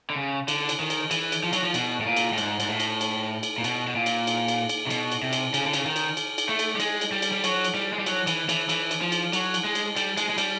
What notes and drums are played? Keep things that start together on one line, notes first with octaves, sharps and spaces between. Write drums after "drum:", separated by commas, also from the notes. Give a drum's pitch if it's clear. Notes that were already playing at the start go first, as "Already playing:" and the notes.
D3
C#3
D3, drum: cymbal
drum: cymbal
D#3
drum: cymbal
E3, drum: cymbal
drum: cymbal
F3
F#3, drum: cymbal
F3
B2, drum: cymbal
A2
A#2
drum: cymbal
A2
G#2, drum: cymbal
G#2, drum: cymbal
A2
drum: cymbal
drum: cymbal
drum: cymbal
A#2
B2, drum: cymbal
B2
A#2
drum: cymbal
drum: cymbal
drum: cymbal
drum: cymbal
C3
B2, drum: cymbal
drum: cymbal
C3
drum: cymbal
C#3, drum: cymbal
D3
C#3, drum: cymbal
D#3
drum: cymbal
drum: cymbal
drum: cymbal
A3
drum: cymbal
G3
G#3, drum: cymbal
drum: cymbal
G3
drum: cymbal
G3
F#3, drum: cymbal
drum: cymbal
G3
G#3
G3
F#3, drum: cymbal
E3, drum: cymbal
E3, drum: cymbal
E3, drum: cymbal
drum: cymbal
F3
drum: cymbal
F#3, drum: cymbal
drum: cymbal
G#3
drum: cymbal
G3, drum: cymbal
G#3, drum: cymbal
G#3
G3, drum: cymbal